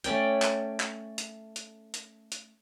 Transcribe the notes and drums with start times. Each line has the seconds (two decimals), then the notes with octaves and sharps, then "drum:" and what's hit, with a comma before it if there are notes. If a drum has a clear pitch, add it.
0.04 A3 C#4 D5 G5, drum: hi-hat
0.42 drum: clap
0.80 drum: clap
1.18 drum: hi-hat
1.56 drum: hi-hat
1.94 drum: hi-hat
2.32 drum: hi-hat